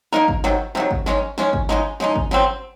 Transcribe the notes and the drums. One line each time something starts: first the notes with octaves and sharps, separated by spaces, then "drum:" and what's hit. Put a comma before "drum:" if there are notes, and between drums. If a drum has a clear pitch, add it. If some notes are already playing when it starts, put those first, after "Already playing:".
A#3 D#4 A#4, drum: snare
drum: kick
C3 D#3 F#3, drum: snare
C3 D#3 F#3, drum: snare
drum: kick
D#3 G#3 C#4, drum: snare
D#3 G#3 C#4, drum: snare
drum: kick
C#3 G#3 D#4, drum: snare
C#3 G#3 D#4, drum: snare
drum: kick
C#3 F#3 C4, drum: snare